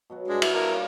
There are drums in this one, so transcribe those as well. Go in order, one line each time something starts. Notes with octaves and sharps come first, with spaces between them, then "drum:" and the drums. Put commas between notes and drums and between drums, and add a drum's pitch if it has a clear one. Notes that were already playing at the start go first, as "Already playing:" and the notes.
B2 F#3 B3
G2 G#3 D4
E4, drum: cymbal
D4 E4 F4 A#4 C#5
A#3 D4